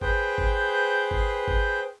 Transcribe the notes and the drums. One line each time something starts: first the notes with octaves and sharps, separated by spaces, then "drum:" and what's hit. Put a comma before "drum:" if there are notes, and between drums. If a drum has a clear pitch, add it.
G#4 B4 C5 G5, drum: kick G#1
drum: kick G#1
drum: kick G#1
drum: kick G#1